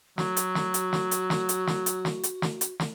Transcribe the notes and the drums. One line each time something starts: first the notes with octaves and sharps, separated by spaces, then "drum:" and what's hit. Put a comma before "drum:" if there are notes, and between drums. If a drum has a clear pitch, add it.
F#3 F#4, drum: snare
drum: hi-hat
drum: snare
drum: hi-hat
drum: snare
drum: hi-hat
drum: snare
drum: hi-hat
drum: snare
drum: hi-hat
drum: snare
drum: hi-hat
drum: snare
drum: hi-hat
drum: snare